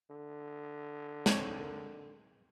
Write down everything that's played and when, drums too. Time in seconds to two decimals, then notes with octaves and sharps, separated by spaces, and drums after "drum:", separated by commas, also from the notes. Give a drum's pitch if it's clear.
0.10 D3
1.26 C4 C#5, drum: snare
1.61 A#4